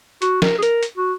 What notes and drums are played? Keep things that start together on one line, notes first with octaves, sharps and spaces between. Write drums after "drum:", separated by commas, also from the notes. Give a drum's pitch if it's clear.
F#4, drum: hi-hat
A#4, drum: snare
G#4
A#4, drum: hi-hat
drum: hi-hat
F#4